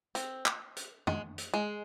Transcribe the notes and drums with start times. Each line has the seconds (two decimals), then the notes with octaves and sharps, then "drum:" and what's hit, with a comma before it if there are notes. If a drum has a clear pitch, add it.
0.15 C4, drum: hi-hat
0.46 drum: clap
0.76 drum: hi-hat
1.07 G#3, drum: tom
1.38 drum: hi-hat
1.54 G#3